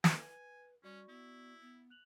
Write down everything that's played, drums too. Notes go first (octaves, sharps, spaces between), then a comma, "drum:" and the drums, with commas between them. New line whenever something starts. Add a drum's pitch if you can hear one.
B4 G#5, drum: snare
G3 C#4 F#4 D5 C#6
B3 E4
B3
F#6 F7 F#7